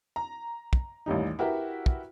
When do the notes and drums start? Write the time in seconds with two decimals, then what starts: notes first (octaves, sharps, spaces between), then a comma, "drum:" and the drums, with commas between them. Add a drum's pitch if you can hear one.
0.16 A#5
0.73 drum: kick
1.06 A1 D#2 G3 D#4
1.39 E4 F#4 G4 A#4 B4 E5
1.86 drum: kick